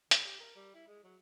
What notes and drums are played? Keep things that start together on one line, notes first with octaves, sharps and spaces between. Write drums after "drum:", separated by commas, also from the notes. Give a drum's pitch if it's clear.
D3, drum: hi-hat
G4
A#4
G3
E4
G#3
F#3